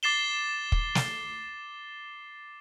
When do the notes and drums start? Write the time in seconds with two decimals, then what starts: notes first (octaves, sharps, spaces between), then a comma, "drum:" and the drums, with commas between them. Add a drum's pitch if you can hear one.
0.03 D6 A6 C7 E7 G7
0.72 drum: kick
0.95 drum: snare